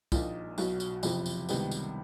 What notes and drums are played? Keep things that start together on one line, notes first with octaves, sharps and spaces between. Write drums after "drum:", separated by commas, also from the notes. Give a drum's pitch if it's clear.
A#1 A#2 F3 A#3 D#4, drum: kick, tambourine
B1 B2 F#3, drum: tambourine
drum: tambourine
F#1 F2 C3 F3, drum: tambourine
drum: tambourine
C#2 C3 D#3 G3 B3, drum: tambourine
drum: tambourine